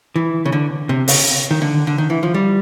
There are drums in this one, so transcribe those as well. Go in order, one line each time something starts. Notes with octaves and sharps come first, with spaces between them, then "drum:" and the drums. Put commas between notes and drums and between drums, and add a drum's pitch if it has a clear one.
E3
C#3
D3
C3
C#3, drum: open hi-hat
D#3
D3
D3
D#3
E3
F3
G3